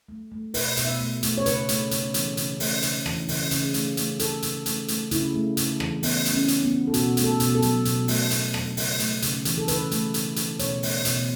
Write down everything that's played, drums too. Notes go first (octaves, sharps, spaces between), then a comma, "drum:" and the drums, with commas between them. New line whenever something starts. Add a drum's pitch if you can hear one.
A3
A3
B2 B4, drum: open hi-hat
B2, drum: hi-hat
E5
A3
A3, drum: hi-hat
C#5
C#3 B4, drum: hi-hat
A3, drum: hi-hat
C#3, drum: hi-hat
E3, drum: hi-hat
C#3, drum: hi-hat
A3, drum: open hi-hat
C#3, drum: hi-hat
E3, drum: rim click
C#3, drum: open hi-hat
C#3, drum: hi-hat
A3, drum: hi-hat
A3, drum: hi-hat
C#3 A4, drum: hi-hat
C#3, drum: hi-hat
A3, drum: hi-hat
A3, drum: hi-hat
C#3 E4, drum: hi-hat
A3
C#3, drum: hi-hat
E3, drum: rim click
C#3 B3, drum: open hi-hat
A3, drum: hi-hat
C#4
C#3, drum: hi-hat
B3
E3
A4
B2 F#4, drum: hi-hat
A3, drum: hi-hat
A4
B2, drum: hi-hat
A4
F#3, drum: hi-hat
B2, drum: hi-hat
A3, drum: open hi-hat
B2, drum: hi-hat
F#3, drum: rim click
C#3, drum: open hi-hat
A3, drum: hi-hat
C#3, drum: hi-hat
E3, drum: hi-hat
A4
C#3 B4, drum: hi-hat
A3, drum: hi-hat
C#3, drum: hi-hat
E3, drum: hi-hat
B2 C#5, drum: hi-hat
A3, drum: open hi-hat
B2, drum: hi-hat